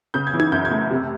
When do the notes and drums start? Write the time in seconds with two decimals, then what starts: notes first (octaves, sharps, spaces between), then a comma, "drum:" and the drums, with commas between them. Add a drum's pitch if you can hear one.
0.14 C#3 G6
0.27 G#6
0.34 E3
0.40 G#6, drum: tom D#4
0.52 F#2 G6
0.65 G#6
0.71 A3
0.91 C3